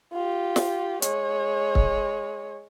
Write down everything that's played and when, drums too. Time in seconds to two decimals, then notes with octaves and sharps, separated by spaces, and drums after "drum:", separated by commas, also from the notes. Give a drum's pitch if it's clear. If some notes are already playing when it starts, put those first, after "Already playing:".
0.13 F4 G4
0.56 drum: snare
1.02 G#3 C#5, drum: hi-hat
1.75 drum: kick